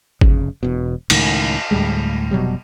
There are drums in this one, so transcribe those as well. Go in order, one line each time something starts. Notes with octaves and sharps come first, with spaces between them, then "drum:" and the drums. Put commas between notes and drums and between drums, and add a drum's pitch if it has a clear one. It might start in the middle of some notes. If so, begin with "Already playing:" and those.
F1 C#3, drum: kick G#1
E1 B2
C#2 A2 D#3, drum: cymbal
D2 A2 G3 G#3
F1 B2 F#3 G3